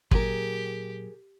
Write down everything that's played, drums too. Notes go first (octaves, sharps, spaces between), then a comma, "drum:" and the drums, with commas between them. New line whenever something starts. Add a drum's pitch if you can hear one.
A#2 F#3 G4 G#4 A#4, drum: kick